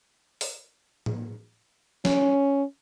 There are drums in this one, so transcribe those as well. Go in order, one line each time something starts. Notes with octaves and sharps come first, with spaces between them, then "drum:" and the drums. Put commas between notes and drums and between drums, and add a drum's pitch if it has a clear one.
drum: open hi-hat
drum: tom
C#4, drum: snare